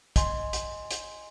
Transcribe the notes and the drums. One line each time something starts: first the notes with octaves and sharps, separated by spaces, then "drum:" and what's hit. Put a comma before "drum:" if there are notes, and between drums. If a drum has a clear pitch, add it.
D#5 G#5 C6, drum: kick, hi-hat
drum: hi-hat
drum: hi-hat